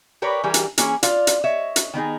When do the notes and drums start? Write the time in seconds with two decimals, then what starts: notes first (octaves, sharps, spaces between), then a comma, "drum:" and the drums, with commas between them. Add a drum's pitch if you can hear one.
0.22 G4 A#4 B4 C#5 D5
0.44 E3 G3 G4 G#4 A#4
0.54 drum: hi-hat
0.78 E3 A#3 C#4 G#4, drum: hi-hat
1.03 F4 D5 F5, drum: hi-hat
1.27 drum: hi-hat
1.44 C#5 D#5 E5
1.76 drum: hi-hat
1.94 D#3 B3 D#4 G#4